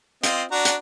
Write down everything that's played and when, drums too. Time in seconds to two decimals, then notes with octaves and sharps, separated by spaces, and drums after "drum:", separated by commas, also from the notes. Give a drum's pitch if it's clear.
0.23 C4 F4 D#5, drum: hi-hat
0.51 D4 F#4 A#5
0.65 drum: hi-hat